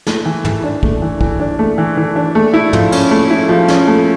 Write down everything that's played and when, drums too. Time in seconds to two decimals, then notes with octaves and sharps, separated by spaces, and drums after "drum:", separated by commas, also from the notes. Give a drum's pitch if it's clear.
0.07 A3, drum: snare
0.25 E3
0.45 E3, drum: tom
0.64 D4
0.83 A3, drum: kick
1.02 E3
1.21 E3, drum: kick
1.40 D4
1.59 A3
1.78 E3
1.97 E3
2.16 D4
2.35 A3
2.54 E4
2.73 F3, drum: tom
2.92 C#4, drum: cymbal
3.11 A3
3.30 E4
3.49 F3
3.68 C#4, drum: snare
3.88 A3